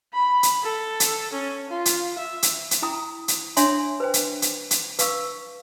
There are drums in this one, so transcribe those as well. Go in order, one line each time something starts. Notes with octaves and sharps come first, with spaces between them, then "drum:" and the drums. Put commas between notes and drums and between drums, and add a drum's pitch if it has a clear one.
B5
drum: hi-hat
A4
drum: hi-hat
C#4
F4
drum: hi-hat
E5
drum: hi-hat
drum: hi-hat
E4 G5 A#5 D#6
drum: hi-hat
D4 C#5 E5 G#5 C6, drum: hi-hat
B4 C5 G5
drum: hi-hat
drum: hi-hat
drum: hi-hat
B4 F5 C#6 E6, drum: hi-hat